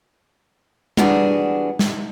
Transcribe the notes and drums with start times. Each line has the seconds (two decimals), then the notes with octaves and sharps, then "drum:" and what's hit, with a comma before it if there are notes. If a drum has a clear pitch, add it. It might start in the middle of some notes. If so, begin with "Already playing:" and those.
0.97 E3 G3 B3 D4 F#4 G#4, drum: tom G3
1.79 drum: snare